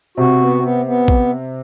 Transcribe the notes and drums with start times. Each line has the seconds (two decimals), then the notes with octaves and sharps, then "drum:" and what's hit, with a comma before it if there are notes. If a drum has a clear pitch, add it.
0.17 C3 F#4
0.40 B3
0.63 B3
0.85 B3
1.08 drum: kick